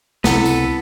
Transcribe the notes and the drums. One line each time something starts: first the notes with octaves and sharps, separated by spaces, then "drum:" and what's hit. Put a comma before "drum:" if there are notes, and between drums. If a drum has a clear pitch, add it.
C#2 C3 B3 E4 A4 F#5, drum: snare
drum: tambourine